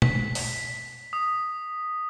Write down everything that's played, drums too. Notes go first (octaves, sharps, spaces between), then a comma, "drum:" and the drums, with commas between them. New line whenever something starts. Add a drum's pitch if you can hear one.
B6, drum: tom
drum: open hi-hat
D#6